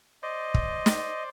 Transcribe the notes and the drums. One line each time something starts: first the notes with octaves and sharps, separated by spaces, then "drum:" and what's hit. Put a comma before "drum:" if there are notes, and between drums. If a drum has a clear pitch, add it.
C5 D5 D#5
drum: kick
drum: snare